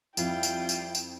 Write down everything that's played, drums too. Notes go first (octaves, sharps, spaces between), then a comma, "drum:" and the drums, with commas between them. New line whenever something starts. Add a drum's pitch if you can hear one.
F2 G3 E4 F4 G5, drum: tambourine
drum: tambourine
drum: tambourine
drum: tambourine